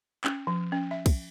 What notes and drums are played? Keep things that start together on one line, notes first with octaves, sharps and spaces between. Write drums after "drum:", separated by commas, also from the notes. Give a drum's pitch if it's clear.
C#4, drum: clap
F3
C#4
E5
drum: kick, cymbal